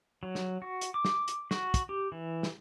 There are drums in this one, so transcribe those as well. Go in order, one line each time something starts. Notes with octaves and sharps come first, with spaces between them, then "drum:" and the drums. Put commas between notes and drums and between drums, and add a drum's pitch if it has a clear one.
F#3
drum: snare
F#4
drum: hi-hat
D6
drum: snare
drum: hi-hat
F#4, drum: snare
drum: kick, hi-hat
G4
E3
drum: snare